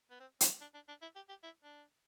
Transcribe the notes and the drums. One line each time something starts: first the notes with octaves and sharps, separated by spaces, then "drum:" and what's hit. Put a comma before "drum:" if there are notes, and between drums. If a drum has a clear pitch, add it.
B3
C4
C4, drum: hi-hat
D4
D4
D4
E4
G4
G4
E4
D4